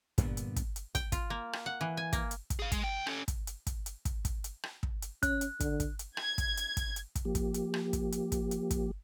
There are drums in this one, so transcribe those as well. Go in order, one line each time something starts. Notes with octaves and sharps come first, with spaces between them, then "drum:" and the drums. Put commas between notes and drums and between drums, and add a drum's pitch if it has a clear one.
G2 A#2 D3 B3, drum: kick, hi-hat
drum: hi-hat
drum: kick, hi-hat
drum: hi-hat
G5, drum: kick, hi-hat
F4, drum: kick, hi-hat
A#3
drum: rim click
F#5
E3
G#5
A#3, drum: kick, hi-hat
drum: hi-hat
drum: kick, hi-hat
G#4 F5
G#3, drum: kick, hi-hat
C2 G5
C#4 A4, drum: rim click
drum: kick, hi-hat
drum: hi-hat
drum: kick, hi-hat
drum: hi-hat
drum: kick, hi-hat
drum: kick, hi-hat
drum: hi-hat
drum: rim click
drum: kick
drum: hi-hat
C#4 F#6, drum: kick, hi-hat
drum: hi-hat
D3, drum: kick, hi-hat
drum: kick, hi-hat
drum: hi-hat
G#6, drum: rim click
drum: kick, hi-hat
drum: hi-hat
drum: kick, hi-hat
drum: hi-hat
drum: kick, hi-hat
F3 A#3 G4
drum: kick, hi-hat
drum: hi-hat
drum: rim click
drum: kick, hi-hat
drum: hi-hat
drum: kick, hi-hat
drum: hi-hat
drum: kick, hi-hat